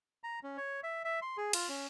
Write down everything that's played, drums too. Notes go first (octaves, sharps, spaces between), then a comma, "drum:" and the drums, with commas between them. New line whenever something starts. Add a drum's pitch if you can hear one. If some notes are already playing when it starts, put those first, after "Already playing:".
A#5
C#4
C#5
E5
E5
C6
G#4
F4, drum: cymbal
C#4